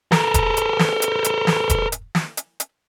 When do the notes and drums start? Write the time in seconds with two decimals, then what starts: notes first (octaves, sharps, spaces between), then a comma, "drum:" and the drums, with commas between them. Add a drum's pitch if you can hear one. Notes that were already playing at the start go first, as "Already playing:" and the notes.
0.12 A4 A#4, drum: snare
0.34 drum: kick E1, hi-hat
0.57 drum: hi-hat
0.79 drum: snare
1.02 drum: hi-hat
1.24 drum: hi-hat
1.47 drum: snare
1.70 drum: kick E1, hi-hat
1.92 drum: hi-hat
2.15 drum: snare
2.37 drum: hi-hat
2.60 drum: hi-hat